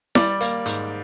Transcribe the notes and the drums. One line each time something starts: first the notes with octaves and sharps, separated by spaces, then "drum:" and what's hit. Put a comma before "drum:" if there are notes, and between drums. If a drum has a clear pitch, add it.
G3 D5, drum: snare E4
A#3, drum: hi-hat
G#2, drum: hi-hat